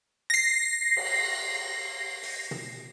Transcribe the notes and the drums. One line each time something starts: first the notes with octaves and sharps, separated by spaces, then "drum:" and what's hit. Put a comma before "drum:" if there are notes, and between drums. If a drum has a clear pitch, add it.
A#6 C7
drum: cymbal
drum: open hi-hat
drum: tom